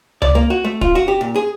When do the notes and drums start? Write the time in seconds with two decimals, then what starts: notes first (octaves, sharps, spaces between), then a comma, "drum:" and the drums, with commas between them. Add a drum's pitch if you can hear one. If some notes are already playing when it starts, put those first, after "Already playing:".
0.22 D5, drum: tom C#2
0.35 A#3
0.50 F#4
0.65 A3
0.81 F4, drum: kick
0.95 F#4
1.08 G4
1.21 A#2
1.36 G#4